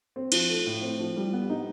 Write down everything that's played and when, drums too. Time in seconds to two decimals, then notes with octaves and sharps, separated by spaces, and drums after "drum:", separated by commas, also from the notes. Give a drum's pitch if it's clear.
0.16 C4
0.32 F3, drum: cymbal
0.49 A3
0.66 A2
0.82 C4
0.99 F3
1.16 G3
1.33 B3
1.50 D#4